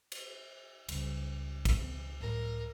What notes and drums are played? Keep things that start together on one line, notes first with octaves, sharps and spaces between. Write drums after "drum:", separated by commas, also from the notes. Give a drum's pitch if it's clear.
drum: cymbal
C#2 C#3 G3, drum: cymbal
drum: kick, cymbal
A2 F#3 A#4